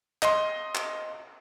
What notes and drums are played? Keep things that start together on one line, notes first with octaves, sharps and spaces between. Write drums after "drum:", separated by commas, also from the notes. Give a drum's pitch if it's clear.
D#5 C6, drum: clap
drum: clap